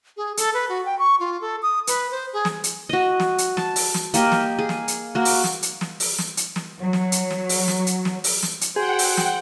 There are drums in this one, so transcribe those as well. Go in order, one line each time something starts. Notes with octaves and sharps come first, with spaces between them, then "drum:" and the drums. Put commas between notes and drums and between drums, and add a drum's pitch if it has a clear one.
G#4
A4, drum: hi-hat
B4
F#4
G5
C#6
F4
A4
D#6
B4, drum: hi-hat
C5
G#4
drum: snare
drum: hi-hat
F#4 D#5
drum: snare
drum: hi-hat
A5, drum: snare
drum: open hi-hat
drum: snare
A#3 G4 D#5, drum: hi-hat
drum: snare
G#4
drum: snare
drum: hi-hat
A#3 F#4
drum: open hi-hat
drum: snare
drum: hi-hat
drum: snare
drum: open hi-hat
drum: snare
drum: hi-hat
drum: snare
F#3
drum: snare
drum: hi-hat
drum: snare
drum: open hi-hat
drum: snare
drum: hi-hat
drum: snare
drum: open hi-hat
drum: snare
drum: hi-hat
F#4 G#4 C5 F#5 G5
drum: open hi-hat
drum: snare